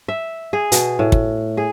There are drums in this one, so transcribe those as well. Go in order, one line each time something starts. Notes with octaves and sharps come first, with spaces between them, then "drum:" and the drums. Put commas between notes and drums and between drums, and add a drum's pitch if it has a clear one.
E5
G#4
B2, drum: hi-hat
A2
drum: kick
G#4